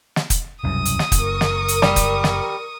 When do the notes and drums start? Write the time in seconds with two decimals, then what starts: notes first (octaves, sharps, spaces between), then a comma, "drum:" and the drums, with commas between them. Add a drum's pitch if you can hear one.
0.16 drum: snare
0.30 drum: kick, hi-hat
0.64 E1 C2 F#2 D#6
0.85 drum: hi-hat
0.99 drum: snare
1.12 F#1 A#4 C#6, drum: kick, hi-hat
1.41 drum: snare
1.68 drum: hi-hat
1.82 G3, drum: snare
1.96 drum: kick, hi-hat
2.24 drum: snare